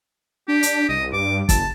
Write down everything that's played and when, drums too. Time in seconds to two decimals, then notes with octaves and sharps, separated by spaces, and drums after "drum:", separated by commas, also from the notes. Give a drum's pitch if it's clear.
0.48 D4 G4
0.63 drum: hi-hat
0.89 C2 D#5
1.13 G2 D6
1.49 F#1 A5, drum: kick, hi-hat